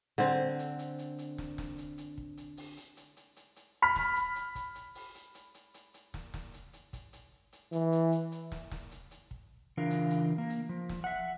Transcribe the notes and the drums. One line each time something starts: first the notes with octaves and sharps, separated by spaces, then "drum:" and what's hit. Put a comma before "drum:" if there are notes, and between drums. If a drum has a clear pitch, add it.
D3 C4
drum: hi-hat
drum: hi-hat
drum: hi-hat
drum: hi-hat
drum: snare
drum: snare
drum: hi-hat
drum: hi-hat
drum: kick
drum: hi-hat
drum: open hi-hat
drum: hi-hat
drum: hi-hat
drum: hi-hat
drum: hi-hat
drum: hi-hat
B5 F6 B6
drum: snare
drum: hi-hat
drum: hi-hat
drum: kick, hi-hat
drum: hi-hat
drum: open hi-hat
drum: hi-hat
drum: hi-hat
drum: hi-hat
drum: hi-hat
drum: hi-hat
drum: snare
drum: snare
drum: hi-hat
drum: hi-hat
drum: kick, hi-hat
drum: hi-hat
drum: hi-hat
E3, drum: hi-hat
drum: hi-hat
drum: hi-hat
drum: hi-hat
drum: snare
drum: snare
drum: hi-hat
drum: hi-hat
drum: kick
C#3 E3 D4 F4 A#4 F5
drum: hi-hat
drum: hi-hat
A#3
drum: hi-hat
F3
drum: snare
E5 F#5